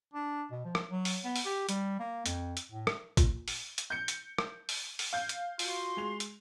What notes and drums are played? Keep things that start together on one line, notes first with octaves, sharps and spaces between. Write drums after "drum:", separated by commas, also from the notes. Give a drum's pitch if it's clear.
D4
B2
F3
drum: rim click
F#3
drum: open hi-hat
B3
drum: open hi-hat
G4
G3, drum: hi-hat
A#3
F2, drum: hi-hat
drum: hi-hat
A2
drum: rim click
A#2, drum: kick, hi-hat
drum: open hi-hat
drum: hi-hat
G6 C#7
drum: hi-hat
drum: rim click
drum: open hi-hat
drum: open hi-hat
F5 G6
drum: hi-hat
F4 F#4 C6, drum: open hi-hat
G#3 F7
drum: hi-hat